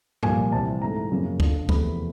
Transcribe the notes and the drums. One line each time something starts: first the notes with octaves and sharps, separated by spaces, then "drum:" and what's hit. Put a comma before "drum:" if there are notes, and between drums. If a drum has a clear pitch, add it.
C2 A#2 F3 A#3 G#5, drum: tom G2
C2 C3 E3 A5
G#2 E3 A3 A#5
F#2 C#3 F3 A#3
F2 D3 F3, drum: kick
E2 C3 F3 A3 B5, drum: kick